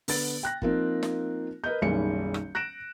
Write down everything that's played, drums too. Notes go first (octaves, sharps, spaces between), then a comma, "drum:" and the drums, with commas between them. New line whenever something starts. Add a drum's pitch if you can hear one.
D3 B3 A6, drum: open hi-hat
G5 F#6 A#6
F3 A#3 C4 D#4, drum: kick
drum: snare
A#4 B4 D#5 G6
F#1 B1 D#3 G3 G#4 C#7
drum: rim click
F#6 A#6 D7 E7